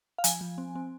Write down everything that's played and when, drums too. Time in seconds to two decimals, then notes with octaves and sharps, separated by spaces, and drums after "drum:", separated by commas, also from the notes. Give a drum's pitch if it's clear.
0.18 F5
0.24 F3 G#5, drum: hi-hat
0.41 F3
0.58 C4
0.75 C4